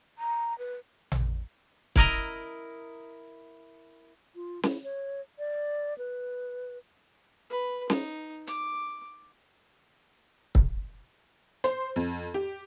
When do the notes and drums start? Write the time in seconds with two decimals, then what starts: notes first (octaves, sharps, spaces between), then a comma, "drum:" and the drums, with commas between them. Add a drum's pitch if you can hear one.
0.18 A#5
0.59 B4
1.12 drum: tom A1
1.96 E4 A#4 D#5 A#5, drum: kick
4.36 F4
4.63 E4, drum: snare
4.84 C#5
5.39 D5
5.98 B4
7.50 B4
7.90 D#4, drum: snare
8.47 D6, drum: hi-hat
10.55 drum: kick
11.64 C5, drum: hi-hat
11.96 F2
12.34 G4